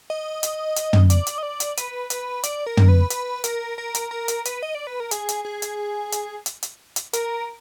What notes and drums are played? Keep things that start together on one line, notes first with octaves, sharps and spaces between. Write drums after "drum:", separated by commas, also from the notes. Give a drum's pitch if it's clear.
D#5
drum: hi-hat
drum: hi-hat
drum: tom
D5, drum: hi-hat
drum: hi-hat
D#5
D5
drum: hi-hat
B4, drum: hi-hat
B4, drum: hi-hat
D5, drum: hi-hat
A#4
drum: tom
B4
B4, drum: hi-hat
A#4, drum: hi-hat
A#4
drum: hi-hat
A#4
drum: hi-hat
B4, drum: hi-hat
D#5
D5
B4
A#4
G#4, drum: hi-hat
drum: hi-hat
G#4
drum: hi-hat
drum: hi-hat
drum: hi-hat
drum: hi-hat
drum: hi-hat
A#4, drum: hi-hat